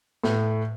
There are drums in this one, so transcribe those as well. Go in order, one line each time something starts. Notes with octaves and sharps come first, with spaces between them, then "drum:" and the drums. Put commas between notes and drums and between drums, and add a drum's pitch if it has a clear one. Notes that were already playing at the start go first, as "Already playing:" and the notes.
A2, drum: snare